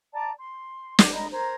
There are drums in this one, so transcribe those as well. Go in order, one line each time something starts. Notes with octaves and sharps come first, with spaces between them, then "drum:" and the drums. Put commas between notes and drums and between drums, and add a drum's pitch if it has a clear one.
D5 A5 A#5
C6
D6, drum: snare
D#5 A#5 B5
A#4 C5 A#5 G#6